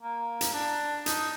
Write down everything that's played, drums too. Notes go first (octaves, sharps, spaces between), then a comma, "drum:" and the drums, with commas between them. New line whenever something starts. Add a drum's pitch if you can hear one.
A#3
drum: hi-hat
D4
D#4, drum: hi-hat